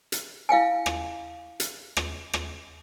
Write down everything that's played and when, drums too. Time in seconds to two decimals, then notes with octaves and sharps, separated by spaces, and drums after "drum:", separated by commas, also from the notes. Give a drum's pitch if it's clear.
0.12 drum: hi-hat
0.49 E4 F5 G5 G#5
0.86 drum: rim click
1.60 drum: hi-hat
1.97 drum: rim click
2.33 drum: rim click